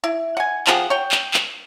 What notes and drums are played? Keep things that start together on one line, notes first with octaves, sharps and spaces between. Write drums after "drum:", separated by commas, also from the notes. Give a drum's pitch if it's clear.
E4
F#5 G#5
F3 G4 G#4 F#5, drum: clap
C#5 G5
drum: clap
drum: clap